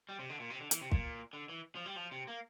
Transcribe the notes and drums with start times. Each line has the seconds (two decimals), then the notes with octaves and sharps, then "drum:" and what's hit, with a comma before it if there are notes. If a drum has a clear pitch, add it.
0.09 G3
0.19 C3
0.30 D3
0.40 A#2
0.50 C3
0.60 D3
0.71 E3, drum: hi-hat
0.81 C3
0.92 A#2, drum: kick
1.33 D3
1.49 E3
1.75 F3
1.86 G3
1.96 F3
2.11 C3
2.27 A#3